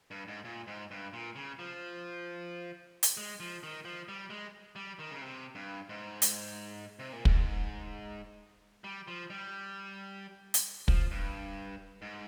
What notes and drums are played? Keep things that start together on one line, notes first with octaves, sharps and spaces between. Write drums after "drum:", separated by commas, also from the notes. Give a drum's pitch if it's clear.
G2
G#2
A#2
G#2
G2
A#2
C#3
F3
drum: hi-hat
G#3
F3
D#3
F3
G3
G#3
G3
D#3
C#3
C3
G2
G#2
drum: hi-hat
C3
A#2
G#2, drum: kick
G3
F3
G3
drum: hi-hat
F3, drum: kick
G2
G#2